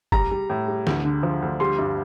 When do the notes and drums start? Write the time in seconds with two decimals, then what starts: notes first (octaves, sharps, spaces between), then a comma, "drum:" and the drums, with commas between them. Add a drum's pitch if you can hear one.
0.12 G3 A#5, drum: kick
0.31 G3
0.50 A2
0.68 G3
0.87 D2, drum: snare
1.05 D3
1.23 F3
1.42 D2
1.60 G3 C6
1.79 G2